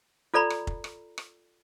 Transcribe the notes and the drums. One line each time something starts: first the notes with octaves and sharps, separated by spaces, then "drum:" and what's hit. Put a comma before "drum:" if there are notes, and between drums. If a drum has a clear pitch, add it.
F4 A4 D5 A#5 B5
drum: rim click
drum: kick F1
drum: rim click
drum: rim click